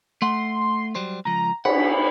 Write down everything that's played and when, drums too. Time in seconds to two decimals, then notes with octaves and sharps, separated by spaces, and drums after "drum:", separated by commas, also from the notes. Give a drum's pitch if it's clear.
0.22 A3 F#5 C6
0.95 F#3 G3 C5
1.25 C#2 F3 A#5
1.65 F#5 B5, drum: cymbal